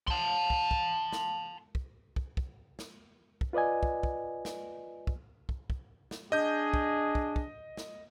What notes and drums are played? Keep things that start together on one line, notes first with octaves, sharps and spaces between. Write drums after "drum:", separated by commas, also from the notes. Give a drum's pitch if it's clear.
A5 C6, drum: kick
drum: kick
drum: kick
drum: snare
drum: kick
drum: kick
drum: kick
drum: snare
drum: kick
F4 B4 D5 D#5 G#5
drum: kick
drum: kick
drum: snare
drum: kick
drum: kick
drum: kick
drum: snare
D4 G#4 D#5 G6
drum: kick
drum: kick
drum: kick
drum: snare